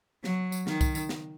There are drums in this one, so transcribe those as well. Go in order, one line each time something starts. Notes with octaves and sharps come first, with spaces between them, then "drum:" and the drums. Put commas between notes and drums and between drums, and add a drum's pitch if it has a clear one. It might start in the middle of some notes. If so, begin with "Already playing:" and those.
F#3, drum: snare
drum: tambourine
D#3, drum: snare
drum: kick C2, tambourine
drum: tambourine
drum: snare